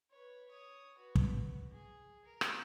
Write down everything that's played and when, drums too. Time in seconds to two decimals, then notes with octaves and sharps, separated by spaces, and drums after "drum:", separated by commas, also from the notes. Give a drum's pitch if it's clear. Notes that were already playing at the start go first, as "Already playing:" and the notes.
0.11 B4 C#5
0.48 C#5 D#6
0.98 F#4 B4
1.15 drum: kick
1.72 G#4
2.25 A#4
2.41 drum: rim click